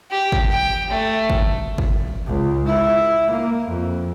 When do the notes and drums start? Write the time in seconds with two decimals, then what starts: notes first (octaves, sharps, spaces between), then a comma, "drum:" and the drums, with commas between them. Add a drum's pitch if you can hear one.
0.11 G4
0.32 drum: kick
0.50 G5
0.90 A3
1.30 drum: kick
1.78 drum: kick
2.27 C#2
2.67 E4
3.31 A#3
3.67 F2